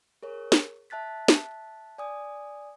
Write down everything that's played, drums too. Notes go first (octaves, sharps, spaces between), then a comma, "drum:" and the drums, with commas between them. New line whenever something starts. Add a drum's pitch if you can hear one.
G#4 A#4 C#5
drum: snare
E5 A5 F#6 A6 B6
drum: snare
D5 G#5 D#6